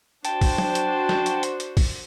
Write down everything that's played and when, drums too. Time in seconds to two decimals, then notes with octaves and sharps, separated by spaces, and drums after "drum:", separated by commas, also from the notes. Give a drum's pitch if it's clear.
0.25 D4 F#4 C5 G5 A5, drum: hi-hat
0.41 drum: kick, open hi-hat
0.58 drum: tom F#3
0.75 drum: hi-hat
1.09 drum: snare
1.26 drum: hi-hat
1.43 drum: hi-hat
1.60 drum: hi-hat
1.77 drum: kick, open hi-hat